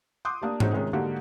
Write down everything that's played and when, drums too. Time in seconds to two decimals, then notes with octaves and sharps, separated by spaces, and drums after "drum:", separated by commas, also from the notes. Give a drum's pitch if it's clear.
0.25 C6 D6 D#6 F#6 G6
0.42 A#3 D4 G4
0.60 G#3 C4 C#4 D#4 F#4, drum: tom G#2
0.72 C3 D#3 G#3 C#4
0.93 G#2 D3 A#3 F#4 G4